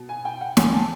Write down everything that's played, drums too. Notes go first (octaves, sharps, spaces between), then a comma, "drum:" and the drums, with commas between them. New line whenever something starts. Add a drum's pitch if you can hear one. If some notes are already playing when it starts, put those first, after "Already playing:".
Already playing: B2
G#5
G5
F#5
G#5, drum: snare
A5